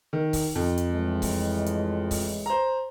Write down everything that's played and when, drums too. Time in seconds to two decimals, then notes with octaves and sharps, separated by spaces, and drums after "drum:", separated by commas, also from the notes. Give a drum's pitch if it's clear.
0.13 D#3
0.33 drum: kick C#1, open hi-hat
0.55 F2
0.78 drum: hi-hat
0.91 A2 E3 G#3
1.22 drum: kick C#1, open hi-hat
1.66 drum: hi-hat
2.11 drum: kick C#1, open hi-hat
2.46 C5 A#5